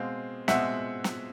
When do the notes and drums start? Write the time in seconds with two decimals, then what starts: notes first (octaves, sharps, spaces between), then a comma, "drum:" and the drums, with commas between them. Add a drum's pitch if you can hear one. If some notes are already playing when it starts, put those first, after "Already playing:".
Already playing: B2 G#3 C4 F5
0.48 B2 G#3 C4 E5 F#5, drum: snare
1.04 drum: snare